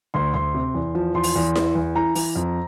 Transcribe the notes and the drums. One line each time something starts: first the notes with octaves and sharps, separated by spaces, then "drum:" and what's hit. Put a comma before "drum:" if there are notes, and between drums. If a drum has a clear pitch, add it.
D2 C6
D2 C6
C3
E2
F3
E2 C6
drum: open hi-hat
E2
E3, drum: snare E4
E2
E3 A#5
E3, drum: open hi-hat
F2